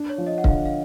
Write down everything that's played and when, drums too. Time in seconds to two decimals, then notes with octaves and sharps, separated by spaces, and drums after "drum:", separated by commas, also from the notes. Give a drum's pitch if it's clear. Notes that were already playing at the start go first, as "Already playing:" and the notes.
Already playing: D4
0.09 C#5
0.18 F3
0.26 D#5
0.38 F#5
0.44 D3 F5, drum: kick C#1
0.66 F5